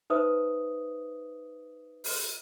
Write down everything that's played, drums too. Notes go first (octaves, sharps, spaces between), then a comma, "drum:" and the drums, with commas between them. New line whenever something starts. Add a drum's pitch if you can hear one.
D#4 B4 C5 E5 D#6
drum: open hi-hat